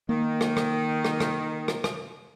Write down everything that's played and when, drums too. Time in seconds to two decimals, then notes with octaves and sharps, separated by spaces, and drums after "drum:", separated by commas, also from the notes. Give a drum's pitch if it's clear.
0.09 D#3 A#3
0.41 drum: rim click
0.57 drum: rim click
1.04 drum: rim click
1.20 drum: rim click
1.68 drum: rim click
1.84 drum: rim click